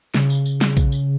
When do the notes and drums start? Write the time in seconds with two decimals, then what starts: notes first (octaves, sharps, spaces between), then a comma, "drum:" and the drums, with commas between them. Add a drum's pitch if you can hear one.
0.14 C#3, drum: snare
0.30 drum: tambourine
0.46 drum: tambourine
0.61 drum: snare
0.77 drum: kick A#1, tambourine
0.92 drum: tambourine